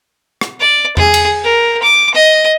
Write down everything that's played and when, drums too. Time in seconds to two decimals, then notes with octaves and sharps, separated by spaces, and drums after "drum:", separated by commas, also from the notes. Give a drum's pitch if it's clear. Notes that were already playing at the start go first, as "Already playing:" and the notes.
0.41 drum: rim click
0.60 D5
0.97 G#4, drum: tom E2
1.14 drum: cymbal
1.44 A#4
1.83 D6
2.14 D#5